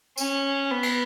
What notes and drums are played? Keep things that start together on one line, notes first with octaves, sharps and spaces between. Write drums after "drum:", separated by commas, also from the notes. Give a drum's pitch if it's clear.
C#4, drum: tambourine
B3
drum: cymbal